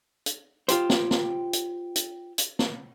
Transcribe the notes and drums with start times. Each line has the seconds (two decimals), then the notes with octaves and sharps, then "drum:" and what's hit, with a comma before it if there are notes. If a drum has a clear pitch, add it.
0.26 drum: hi-hat
0.68 F4 G4 C5, drum: hi-hat
0.90 drum: snare
1.11 drum: snare
1.53 drum: hi-hat
1.96 drum: hi-hat
2.38 drum: hi-hat
2.59 drum: snare